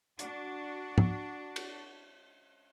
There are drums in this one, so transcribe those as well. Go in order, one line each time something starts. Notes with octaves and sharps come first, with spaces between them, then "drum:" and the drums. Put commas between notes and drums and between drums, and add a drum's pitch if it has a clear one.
D4 F#4, drum: hi-hat
drum: tom
drum: cymbal